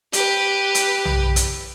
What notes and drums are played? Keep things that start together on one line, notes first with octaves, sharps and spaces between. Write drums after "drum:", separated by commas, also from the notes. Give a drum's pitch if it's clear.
G4 B4, drum: hi-hat
drum: hi-hat
drum: tom B1
drum: hi-hat